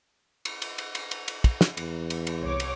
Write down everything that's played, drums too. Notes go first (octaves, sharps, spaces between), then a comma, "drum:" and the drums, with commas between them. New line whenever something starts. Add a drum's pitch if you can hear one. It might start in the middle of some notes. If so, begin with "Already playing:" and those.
drum: cymbal
drum: cymbal
drum: cymbal
drum: cymbal
drum: cymbal
drum: cymbal
drum: kick, cymbal
drum: snare
E2, drum: cymbal
drum: cymbal
drum: cymbal
C2 C#5 D6
drum: cymbal